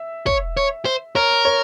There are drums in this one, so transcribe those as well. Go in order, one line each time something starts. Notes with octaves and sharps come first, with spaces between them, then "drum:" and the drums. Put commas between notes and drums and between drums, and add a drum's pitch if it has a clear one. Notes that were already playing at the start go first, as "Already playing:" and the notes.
Already playing: E5
C#5, drum: kick
C#5
C5
A#4 C#5
C#5